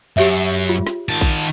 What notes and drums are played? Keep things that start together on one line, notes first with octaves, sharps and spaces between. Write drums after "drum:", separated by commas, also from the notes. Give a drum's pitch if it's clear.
F#2 G4 C#5 E5
F4
drum: snare
D#3 A5
drum: kick A#1